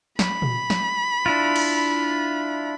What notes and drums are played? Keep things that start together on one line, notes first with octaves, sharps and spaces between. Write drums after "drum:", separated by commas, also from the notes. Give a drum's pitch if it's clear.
B5, drum: snare
drum: tom A#2
drum: snare
D4 E4 F4
drum: cymbal